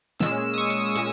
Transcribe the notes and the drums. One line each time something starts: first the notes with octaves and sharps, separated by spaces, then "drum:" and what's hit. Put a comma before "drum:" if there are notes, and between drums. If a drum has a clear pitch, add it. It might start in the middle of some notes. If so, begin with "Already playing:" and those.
A#2 G#3 C#4 E6, drum: snare
D#6
C#6
drum: hi-hat
A#2 G#3 C#4, drum: hi-hat